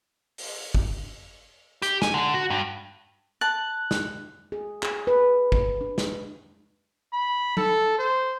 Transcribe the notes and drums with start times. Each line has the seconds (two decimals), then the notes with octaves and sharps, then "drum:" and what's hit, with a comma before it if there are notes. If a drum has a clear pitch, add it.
0.38 drum: open hi-hat
0.75 drum: kick
1.82 G4, drum: hi-hat
2.02 G#5, drum: snare
2.14 D3
2.34 F#4
2.50 G2
3.41 A5 F#6
3.91 drum: snare
4.52 G#4
4.83 G#4, drum: clap
5.07 B4
5.52 drum: kick
5.81 D4
5.98 drum: snare
7.13 B5
7.57 A4, drum: tom F#3
7.98 C5